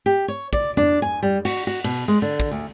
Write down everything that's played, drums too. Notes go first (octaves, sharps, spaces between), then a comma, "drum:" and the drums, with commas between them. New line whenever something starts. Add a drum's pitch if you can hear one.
G4
C#5
D5, drum: kick
D4, drum: tom F2
G#5
G3
F#4, drum: cymbal
F#4
B2, drum: cymbal
G#3
D3
drum: kick
D2